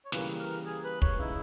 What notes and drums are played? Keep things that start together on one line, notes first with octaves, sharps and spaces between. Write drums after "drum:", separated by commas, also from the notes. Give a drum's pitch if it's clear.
C#5
C#3 E3 G3 A#3 B4, drum: snare
A#4
G#4
B4
C#5, drum: kick
C#3 G#3 D#4 E4